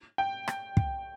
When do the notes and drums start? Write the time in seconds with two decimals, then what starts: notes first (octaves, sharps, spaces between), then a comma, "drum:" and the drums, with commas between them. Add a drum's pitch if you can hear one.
0.18 G5
0.48 drum: rim click
0.77 drum: kick